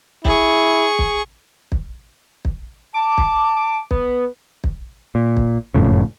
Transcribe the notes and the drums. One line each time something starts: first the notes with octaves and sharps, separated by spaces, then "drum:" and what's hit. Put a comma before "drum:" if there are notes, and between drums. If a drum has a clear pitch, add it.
E4 G#4 C#6, drum: kick
drum: kick
drum: kick
drum: kick
A5 D6
drum: kick
D6
B3, drum: kick
drum: kick
A#2
drum: kick
F#1 F2 A2 C#3